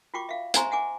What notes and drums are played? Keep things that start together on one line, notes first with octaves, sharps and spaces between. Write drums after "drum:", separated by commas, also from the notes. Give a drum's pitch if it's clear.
F4 F#4 G5 C#6 D6
E5 F5
C5 E5 G#5 A#5 C6 C#6, drum: hi-hat
E5 F#5 G#5 D6